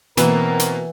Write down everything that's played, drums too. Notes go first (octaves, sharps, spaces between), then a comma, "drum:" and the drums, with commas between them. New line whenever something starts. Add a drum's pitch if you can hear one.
B2 E3 A#3 C4 A#4, drum: hi-hat
drum: hi-hat